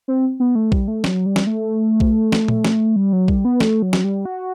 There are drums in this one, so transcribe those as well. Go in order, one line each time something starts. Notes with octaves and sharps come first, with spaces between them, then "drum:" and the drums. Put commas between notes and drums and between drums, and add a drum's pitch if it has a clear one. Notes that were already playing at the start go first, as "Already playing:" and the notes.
C4
B3
A3
G3, drum: kick A#1
A3
F#3, drum: snare
G3
drum: snare
A3
drum: kick A#1
drum: snare
drum: tom A#2
drum: snare
G3
F#3
G3, drum: kick A#1
B3
A3, drum: snare
F#3
drum: snare
G3
F#4